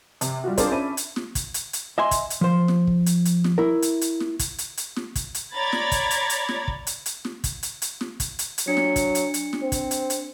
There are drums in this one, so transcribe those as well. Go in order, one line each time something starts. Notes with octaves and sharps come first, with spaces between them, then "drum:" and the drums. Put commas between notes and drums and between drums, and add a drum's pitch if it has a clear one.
C3, drum: hi-hat
G3 F4 F#4
C4 D4 F4 G#4 A#4 C5, drum: kick, hi-hat
C#4 D4 E5 B5 D#7
drum: hi-hat
drum: snare
drum: kick, hi-hat
drum: hi-hat
drum: hi-hat
D#5 E5 G#5 C6
drum: kick, hi-hat
drum: hi-hat
F3 C5
drum: snare
drum: kick
drum: hi-hat
drum: hi-hat
drum: snare
E4 A#4
drum: hi-hat
drum: hi-hat
drum: snare
drum: kick, hi-hat
drum: hi-hat
drum: hi-hat
drum: snare
drum: kick, hi-hat
drum: hi-hat
C#5 D5 A#5 B5 G#6 A6
drum: snare
drum: kick, hi-hat
drum: hi-hat
drum: hi-hat
drum: snare
drum: kick
drum: hi-hat
drum: hi-hat
drum: snare
drum: kick, hi-hat
drum: hi-hat
drum: hi-hat
drum: snare
drum: kick, hi-hat
drum: hi-hat
drum: hi-hat
F#3 D4 C#7
drum: snare
drum: kick, hi-hat
drum: hi-hat
drum: hi-hat
drum: snare
C4
drum: kick, hi-hat
drum: hi-hat
drum: hi-hat